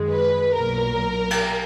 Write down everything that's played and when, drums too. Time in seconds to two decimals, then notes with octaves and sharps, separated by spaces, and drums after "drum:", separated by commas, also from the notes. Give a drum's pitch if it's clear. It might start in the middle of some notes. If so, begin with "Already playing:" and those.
Already playing: F#2 D#3 G#3
0.11 B4
0.55 B1 A#2 F#3 A#4
1.31 drum: cymbal